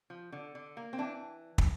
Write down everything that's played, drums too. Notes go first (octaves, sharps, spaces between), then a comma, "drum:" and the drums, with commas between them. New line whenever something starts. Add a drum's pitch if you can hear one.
F3
D3
D3
A#3
C4
E3 D4
drum: kick